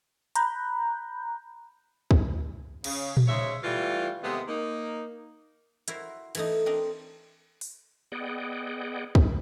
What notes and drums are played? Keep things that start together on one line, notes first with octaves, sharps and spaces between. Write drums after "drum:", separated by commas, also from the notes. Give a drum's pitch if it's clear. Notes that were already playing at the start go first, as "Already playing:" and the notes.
A#5 B5 F#6 G6, drum: hi-hat
drum: kick
C#3, drum: cymbal
drum: tom A#2
G#2 C#3 G#3 C#5 E5
E3 G3 A3 F4
D#2 C3 G#3 A3 B3
A#3 D#4
E4 F#4 A#4 C5, drum: hi-hat
E3 A3 D#4, drum: cymbal
C4 D4 A#4 D#5
drum: open hi-hat
B3 G#4 D5 D#5 F#5 G5
drum: kick